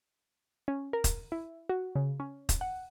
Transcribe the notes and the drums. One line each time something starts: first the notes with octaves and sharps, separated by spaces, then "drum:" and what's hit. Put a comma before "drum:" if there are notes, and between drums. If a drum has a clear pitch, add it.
C#4
A#4
drum: kick, hi-hat
E4
F#4
C#3
C#4
drum: kick, hi-hat
F#5